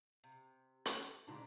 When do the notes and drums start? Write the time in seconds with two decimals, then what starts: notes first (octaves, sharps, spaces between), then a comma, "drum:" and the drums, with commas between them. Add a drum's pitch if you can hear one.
0.24 C3
0.85 drum: hi-hat
1.27 D2 G#2 G#3 D5 A#5